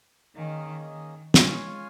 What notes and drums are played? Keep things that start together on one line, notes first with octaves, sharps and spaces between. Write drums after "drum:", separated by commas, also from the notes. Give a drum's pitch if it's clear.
D#3 A#3 C#4 G#4 D#5
D#3
G#3 C#4 F4 C#5 F5 G#5, drum: snare